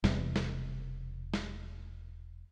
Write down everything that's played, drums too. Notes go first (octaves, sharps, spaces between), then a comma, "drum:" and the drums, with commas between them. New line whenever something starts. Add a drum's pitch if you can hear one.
E1 E2 C3 G3, drum: snare
drum: snare
drum: snare